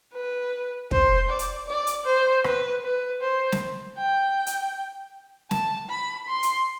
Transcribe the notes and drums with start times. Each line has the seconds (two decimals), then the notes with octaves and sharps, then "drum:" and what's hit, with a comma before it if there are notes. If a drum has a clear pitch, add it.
0.14 B4
0.91 C5, drum: kick
1.29 D5
1.39 drum: hi-hat
1.67 D5
1.87 drum: hi-hat
2.05 C5
2.44 B4, drum: rim click
2.83 B4
3.21 C5
3.52 drum: snare
3.97 G5
4.46 drum: hi-hat
5.51 A5, drum: snare
5.90 B5
6.28 C6
6.43 drum: hi-hat